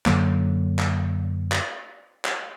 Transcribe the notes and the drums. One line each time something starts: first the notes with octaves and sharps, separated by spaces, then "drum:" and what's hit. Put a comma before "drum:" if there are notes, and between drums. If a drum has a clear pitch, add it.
F#2 D3 F#3 A#3, drum: clap
drum: clap
drum: clap
drum: clap